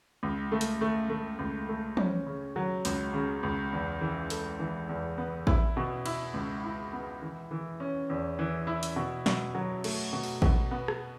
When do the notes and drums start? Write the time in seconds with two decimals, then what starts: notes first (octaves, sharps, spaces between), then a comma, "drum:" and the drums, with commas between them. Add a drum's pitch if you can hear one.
0.23 C#2
0.52 A3
0.61 drum: hi-hat
0.81 A3
1.10 A3
1.39 C#2
1.69 A3
1.97 C#4, drum: tom
2.27 C#3
2.56 F#3
2.85 C#2, drum: hi-hat
3.14 C#3
3.43 C#2
3.72 E2
4.01 E3
4.30 A4, drum: hi-hat
4.59 E3
4.89 E2
5.18 B3
5.47 E4, drum: kick A1
5.77 B2
6.06 E4, drum: cymbal
6.34 C#2
6.64 E4
6.93 B3
7.22 E3
7.51 E3
7.80 C#4
8.10 E2
8.39 E3
8.67 E4
8.83 drum: hi-hat
8.96 B2
9.26 B2, drum: snare
9.55 F#3
9.84 A3, drum: cymbal
10.13 B2
10.23 drum: open hi-hat
10.42 B2, drum: kick A1
10.71 B3
10.88 drum: rim click